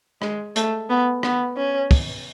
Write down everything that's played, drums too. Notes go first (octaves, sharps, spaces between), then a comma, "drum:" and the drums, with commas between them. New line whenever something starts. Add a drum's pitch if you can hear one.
G#3, drum: rim click
A3, drum: hi-hat
B3
B3, drum: rim click
C#4
drum: kick, open hi-hat